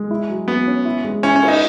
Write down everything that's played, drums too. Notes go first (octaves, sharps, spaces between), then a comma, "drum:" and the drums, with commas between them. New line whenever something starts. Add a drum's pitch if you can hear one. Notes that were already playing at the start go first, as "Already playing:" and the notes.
Already playing: G#3
E4
F#3
F#3 B3
C#4
E4
G#3
C#4 E4
C#4
E4, drum: cymbal
D#4